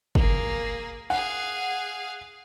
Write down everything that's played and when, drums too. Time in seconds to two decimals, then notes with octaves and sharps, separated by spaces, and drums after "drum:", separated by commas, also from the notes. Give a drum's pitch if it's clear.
0.15 A#3 G#4, drum: kick
1.10 G#4 F5 F#5